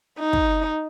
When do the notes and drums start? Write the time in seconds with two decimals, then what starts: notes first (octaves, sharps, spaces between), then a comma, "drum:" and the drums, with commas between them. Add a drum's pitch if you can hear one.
0.20 D#4
0.33 drum: kick